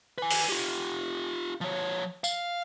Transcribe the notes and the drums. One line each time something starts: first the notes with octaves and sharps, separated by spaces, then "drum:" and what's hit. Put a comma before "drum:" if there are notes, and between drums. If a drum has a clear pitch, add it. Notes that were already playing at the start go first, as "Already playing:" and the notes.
B4 G#5
drum: open hi-hat
F4 G4
F3 C#5
F5, drum: tambourine